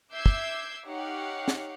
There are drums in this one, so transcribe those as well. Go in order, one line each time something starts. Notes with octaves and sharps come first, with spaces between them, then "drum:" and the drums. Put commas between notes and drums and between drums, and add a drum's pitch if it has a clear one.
E5 D6 E6 G6 G#6 C7
drum: kick
D#4 G4 C#5 F5 F#5
drum: snare